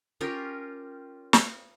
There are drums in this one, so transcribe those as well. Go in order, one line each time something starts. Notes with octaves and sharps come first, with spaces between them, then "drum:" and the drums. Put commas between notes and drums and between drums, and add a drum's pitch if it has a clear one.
C#4 F4 G4 A#4
drum: snare